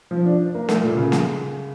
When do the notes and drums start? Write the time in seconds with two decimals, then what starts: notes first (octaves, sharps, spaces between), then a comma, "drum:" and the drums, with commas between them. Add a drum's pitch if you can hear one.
0.11 F3
0.26 D4
0.55 A#3
0.69 A3, drum: snare
0.82 A#2
0.97 C#3
1.12 drum: snare